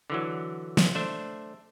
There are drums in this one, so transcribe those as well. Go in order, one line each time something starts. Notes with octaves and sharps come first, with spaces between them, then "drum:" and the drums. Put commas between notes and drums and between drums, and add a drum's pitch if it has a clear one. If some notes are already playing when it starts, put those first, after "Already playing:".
D3 E3 F#3
drum: snare
A3 D4 C5 E5